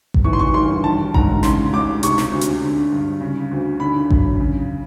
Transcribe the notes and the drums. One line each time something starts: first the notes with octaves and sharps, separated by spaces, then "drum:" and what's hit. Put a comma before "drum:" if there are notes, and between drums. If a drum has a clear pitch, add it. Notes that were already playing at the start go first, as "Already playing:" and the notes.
drum: kick A1
E3 C#6
C6
C#6
G2 C6
D#3 A5
G#2 A#5, drum: kick A1
C#3 C6, drum: snare
C#2 D6
C3 C#6, drum: hi-hat
drum: snare
D2
drum: hi-hat
D3
G2
C#3
D2
D3 B5
F#2, drum: kick A1
C#3